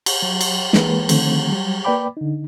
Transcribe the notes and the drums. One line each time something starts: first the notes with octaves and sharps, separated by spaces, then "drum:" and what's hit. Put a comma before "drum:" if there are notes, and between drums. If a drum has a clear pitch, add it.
drum: cymbal
F#3
drum: cymbal
E3 G#3 A#3 G#4 B4, drum: snare
D3 D#3 F3 A3 C4, drum: cymbal
F#3 G3
A#3 B4 D5 G5 B5 D6
D3 D#4